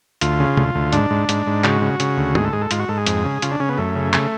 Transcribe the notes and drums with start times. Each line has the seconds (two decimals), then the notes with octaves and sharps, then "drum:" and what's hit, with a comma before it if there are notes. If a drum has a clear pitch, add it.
0.21 D2 F4, drum: hi-hat
0.39 C#3
0.57 D2, drum: tom
0.75 D2
0.93 G#2 D4, drum: hi-hat
1.10 G#2
1.29 G#2, drum: hi-hat
1.46 G#2
1.64 C#3 F#4, drum: clap
1.82 C#3
2.00 C#3, drum: hi-hat
2.17 D2
2.35 G#2 G#4, drum: tom
2.44 A4
2.53 G#2 G#4
2.61 A4
2.71 G#2 F4, drum: hi-hat
2.80 F#4
2.89 G#2 A4
2.98 G#4
3.06 F2, drum: hi-hat
3.24 C#3
3.42 C#3 F4, drum: hi-hat
3.51 D4
3.60 C#3 C#4
3.69 B3
3.78 F#2 A3
3.95 C#3
4.13 C#3, drum: clap